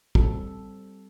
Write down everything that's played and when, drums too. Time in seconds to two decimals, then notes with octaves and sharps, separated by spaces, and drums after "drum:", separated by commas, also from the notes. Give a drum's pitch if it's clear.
0.15 G3 C4 A4, drum: kick